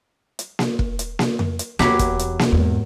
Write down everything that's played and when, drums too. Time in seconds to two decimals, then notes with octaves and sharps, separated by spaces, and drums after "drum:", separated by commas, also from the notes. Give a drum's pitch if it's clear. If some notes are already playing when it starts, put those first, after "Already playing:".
0.39 drum: hi-hat
0.59 drum: snare A#3
0.79 drum: kick
0.99 drum: hi-hat
1.19 drum: snare A#3
1.39 drum: tom F2
1.59 drum: hi-hat
1.79 E2 F#3 E4 G4, drum: snare A#3
1.99 drum: kick, hi-hat
2.19 drum: hi-hat
2.39 drum: snare A#3
2.52 E2 G#2